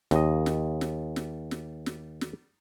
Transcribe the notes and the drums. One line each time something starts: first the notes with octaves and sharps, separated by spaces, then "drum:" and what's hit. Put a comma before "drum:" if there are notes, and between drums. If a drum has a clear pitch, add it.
D#2 D#5, drum: snare
drum: snare
drum: snare
drum: snare
drum: snare
drum: snare
drum: snare